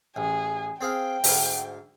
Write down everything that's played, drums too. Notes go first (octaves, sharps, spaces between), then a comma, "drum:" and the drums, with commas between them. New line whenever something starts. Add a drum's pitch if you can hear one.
A1 G#4
C4 G#4 F5 G5
D2 G#2, drum: open hi-hat